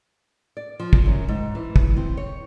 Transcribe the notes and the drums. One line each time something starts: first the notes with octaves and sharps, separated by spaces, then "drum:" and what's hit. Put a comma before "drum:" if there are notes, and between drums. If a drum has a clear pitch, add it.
D5
F3
drum: kick
F#2
G#2
E3
drum: kick
C4
C#5